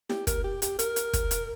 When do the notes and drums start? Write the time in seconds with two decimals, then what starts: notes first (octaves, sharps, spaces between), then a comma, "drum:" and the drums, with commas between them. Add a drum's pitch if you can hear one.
0.09 G4, drum: snare E4
0.27 A#4, drum: kick, hi-hat
0.44 G4
0.62 G4, drum: hi-hat
0.79 A#4, drum: hi-hat
0.96 drum: hi-hat
1.13 drum: kick, hi-hat
1.31 drum: hi-hat